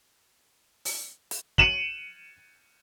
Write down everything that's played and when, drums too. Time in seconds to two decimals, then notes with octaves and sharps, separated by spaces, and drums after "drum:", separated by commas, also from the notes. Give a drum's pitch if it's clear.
0.85 drum: open hi-hat
1.31 drum: hi-hat
1.58 C#7 D#7 E7 F#7, drum: kick